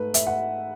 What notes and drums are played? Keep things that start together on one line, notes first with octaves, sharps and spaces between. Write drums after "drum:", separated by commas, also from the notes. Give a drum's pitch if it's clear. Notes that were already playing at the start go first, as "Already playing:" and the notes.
Already playing: G#2 A3 B4
E5, drum: hi-hat
F#5